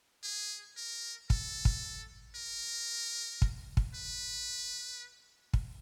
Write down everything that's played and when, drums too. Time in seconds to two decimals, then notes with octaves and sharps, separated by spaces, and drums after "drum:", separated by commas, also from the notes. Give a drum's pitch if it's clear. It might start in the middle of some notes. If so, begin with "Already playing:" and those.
0.24 G#4
0.77 A#4
1.30 A4, drum: kick
1.65 drum: kick
2.35 A#4
3.42 drum: kick
3.77 drum: kick
3.95 B4
5.54 drum: kick